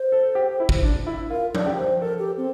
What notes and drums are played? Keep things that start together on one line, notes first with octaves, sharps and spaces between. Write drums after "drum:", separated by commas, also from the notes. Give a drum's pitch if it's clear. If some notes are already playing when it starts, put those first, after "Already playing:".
Already playing: C5
A4
G4
E4
drum: kick
D4
E4
F4 A#4
D5, drum: tom F3
G4
C5
A4 A#4
G4
C4